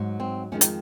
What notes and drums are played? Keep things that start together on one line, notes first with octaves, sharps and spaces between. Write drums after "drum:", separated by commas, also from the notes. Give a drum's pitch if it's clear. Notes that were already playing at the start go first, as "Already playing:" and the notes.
Already playing: G#2 F#3
C4
F2 D#3 G#3 C#4
D#4, drum: hi-hat